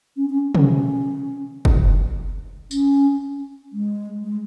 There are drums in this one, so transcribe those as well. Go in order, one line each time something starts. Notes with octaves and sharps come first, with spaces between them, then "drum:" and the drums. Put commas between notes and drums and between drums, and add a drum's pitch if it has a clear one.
C#4
C#4
C#4, drum: tom
drum: kick
C#4, drum: tambourine
G#3
G#3